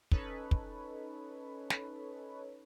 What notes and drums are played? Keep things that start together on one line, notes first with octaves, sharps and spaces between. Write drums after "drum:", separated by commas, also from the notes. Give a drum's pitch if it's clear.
C#4 D#4 A4 B4 C#5, drum: kick
drum: kick
drum: snare